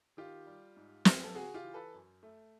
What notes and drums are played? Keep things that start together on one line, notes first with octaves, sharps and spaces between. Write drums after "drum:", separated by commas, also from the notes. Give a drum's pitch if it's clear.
D#3 F4 G4
G3
G#2
B3, drum: snare
A4
C#3 F#4 G#4
F4 G4
E3
A4 B4
F#2
A3